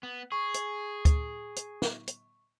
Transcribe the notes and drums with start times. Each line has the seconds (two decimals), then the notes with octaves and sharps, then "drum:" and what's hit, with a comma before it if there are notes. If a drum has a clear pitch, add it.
0.03 B3
0.32 G#4 C#6
0.54 drum: hi-hat
1.05 drum: kick, hi-hat
1.56 drum: hi-hat
1.82 drum: snare
2.07 drum: hi-hat